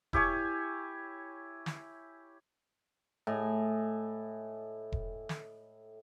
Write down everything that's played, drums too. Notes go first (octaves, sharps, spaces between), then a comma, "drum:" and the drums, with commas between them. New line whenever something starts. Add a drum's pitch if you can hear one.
E4 G4 C#5 G#5, drum: kick E1
drum: snare
A2 D#5 G#5
drum: kick E1
drum: snare